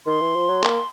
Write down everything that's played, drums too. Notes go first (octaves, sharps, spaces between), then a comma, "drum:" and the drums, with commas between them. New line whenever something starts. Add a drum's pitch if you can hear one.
D#3 C6
E3
F3
F#3
A#3, drum: clap